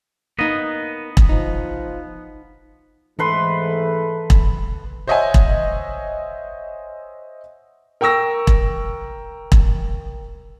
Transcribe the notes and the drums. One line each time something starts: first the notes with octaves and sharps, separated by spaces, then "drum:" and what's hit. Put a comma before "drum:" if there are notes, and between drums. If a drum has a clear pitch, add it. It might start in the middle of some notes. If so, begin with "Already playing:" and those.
A#3 B3 D#4 D#5
drum: kick E1
F3 D#4
G#2 E3 A3 A4 B4 C6
drum: kick E1
C5 C#5 D#5 E5 F#5 G#5
drum: kick E1
A#4 G5 C#6 E6 A#6
drum: kick E1
drum: kick E1